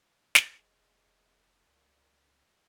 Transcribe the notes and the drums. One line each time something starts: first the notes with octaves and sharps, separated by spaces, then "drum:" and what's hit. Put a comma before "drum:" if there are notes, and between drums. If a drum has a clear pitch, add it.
drum: snare
F1 G#3
C#2 A#2